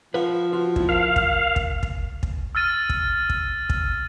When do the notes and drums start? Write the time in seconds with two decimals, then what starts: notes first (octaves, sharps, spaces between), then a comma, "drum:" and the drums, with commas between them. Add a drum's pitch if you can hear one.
0.14 F3 B4 F5 F#5
0.53 F4 F#4
0.76 B3 E4, drum: kick
0.89 A#4 F5
1.16 drum: kick
1.56 drum: kick
1.83 drum: kick
2.23 drum: kick
2.55 E6 F6 A6 D#7
2.90 drum: kick
3.30 drum: kick
3.70 drum: kick